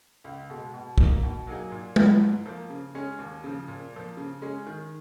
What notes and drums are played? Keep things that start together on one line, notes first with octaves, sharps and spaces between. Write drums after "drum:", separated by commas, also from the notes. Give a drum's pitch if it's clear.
C#2
B2 G#3
B2
A#3 D#4, drum: kick
B2
F#3 A#3 D#4 G#4
A#2
F3 B3, drum: tom G#3
G#2
F3 A#3
C#3
G#3 C#4 G#4
D#2
C#3 F3
A#2
F3 A#3
C#3
G#3 C#4 G#4
D#3